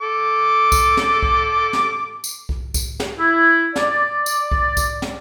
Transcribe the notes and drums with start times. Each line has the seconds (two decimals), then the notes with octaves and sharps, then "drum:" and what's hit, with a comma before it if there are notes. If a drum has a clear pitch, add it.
0.01 A4 D6
0.72 drum: kick C2, tambourine
0.97 drum: snare
1.23 drum: kick C2
1.73 drum: snare
2.24 drum: tambourine
2.49 drum: kick C2
2.74 drum: kick C2, tambourine
3.00 drum: snare
3.19 E4
3.76 D5, drum: snare
4.26 drum: tambourine
4.52 drum: kick C2
4.77 drum: kick C2, tambourine
5.02 drum: snare